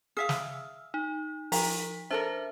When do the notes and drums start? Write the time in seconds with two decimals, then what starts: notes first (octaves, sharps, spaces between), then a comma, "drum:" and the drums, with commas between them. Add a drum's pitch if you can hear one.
0.17 G#4 E5 F5 E6 F6
0.29 drum: snare
0.94 D#4
1.52 F3 A#5 B6, drum: open hi-hat
2.11 D4 A4 A#4 C5 E5